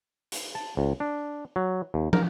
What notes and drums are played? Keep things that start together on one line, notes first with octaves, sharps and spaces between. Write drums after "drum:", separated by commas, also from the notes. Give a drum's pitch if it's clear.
drum: hi-hat
A5
C#2
D4
F#3
D#2
A#4, drum: tom